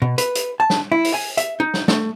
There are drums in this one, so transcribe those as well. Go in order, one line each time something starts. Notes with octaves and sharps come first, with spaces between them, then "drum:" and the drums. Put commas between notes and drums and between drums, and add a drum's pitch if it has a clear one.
B2
B4, drum: hi-hat
drum: hi-hat
A5
drum: snare
E4
drum: open hi-hat
G#5
E5, drum: hi-hat
D#4
drum: snare
A3, drum: snare